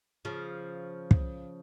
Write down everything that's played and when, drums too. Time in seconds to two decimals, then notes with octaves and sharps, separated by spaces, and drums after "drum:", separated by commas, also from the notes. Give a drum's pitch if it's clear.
0.25 C#3 F3
1.11 drum: kick